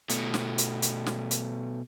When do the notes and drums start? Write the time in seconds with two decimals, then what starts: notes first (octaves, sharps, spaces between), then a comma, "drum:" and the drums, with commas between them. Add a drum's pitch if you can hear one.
0.09 B2 A3, drum: hi-hat
0.34 drum: snare
0.58 drum: hi-hat
0.82 drum: hi-hat
1.06 drum: snare
1.31 drum: hi-hat